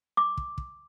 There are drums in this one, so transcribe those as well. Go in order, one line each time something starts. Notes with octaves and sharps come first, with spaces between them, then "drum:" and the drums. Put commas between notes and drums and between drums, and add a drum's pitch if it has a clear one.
D6
drum: kick
drum: kick